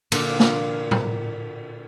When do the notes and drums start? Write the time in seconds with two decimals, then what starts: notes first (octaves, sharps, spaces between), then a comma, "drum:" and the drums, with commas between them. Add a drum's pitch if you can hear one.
0.12 A#2 D3 A#3 D4 F4, drum: cymbal
0.40 drum: snare
0.91 drum: tom